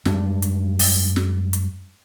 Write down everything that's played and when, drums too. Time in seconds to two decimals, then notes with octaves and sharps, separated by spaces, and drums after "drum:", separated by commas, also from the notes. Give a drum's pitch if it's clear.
0.05 F#2 G3 G#3 D4, drum: snare
0.42 drum: hi-hat
0.79 drum: open hi-hat
1.16 drum: snare
1.53 drum: hi-hat